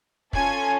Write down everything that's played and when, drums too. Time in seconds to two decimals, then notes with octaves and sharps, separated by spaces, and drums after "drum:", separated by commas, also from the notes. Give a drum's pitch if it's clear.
0.33 C#4 F4 A4 G#5, drum: kick